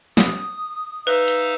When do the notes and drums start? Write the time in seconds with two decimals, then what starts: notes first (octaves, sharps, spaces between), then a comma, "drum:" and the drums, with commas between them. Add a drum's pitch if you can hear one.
0.17 D#6, drum: snare
1.07 D#4 B4 E5 F5
1.28 drum: hi-hat